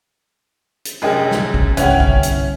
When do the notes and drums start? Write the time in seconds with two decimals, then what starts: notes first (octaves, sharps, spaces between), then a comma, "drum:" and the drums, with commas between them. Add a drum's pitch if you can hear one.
0.85 drum: hi-hat
1.02 F1 F#2 G#4 A#4 D#5 G5
1.31 drum: snare
1.54 drum: kick A1
1.77 G1 C2 C#4 E4 B4 F#5 G5, drum: hi-hat
2.00 drum: kick A1
2.23 drum: hi-hat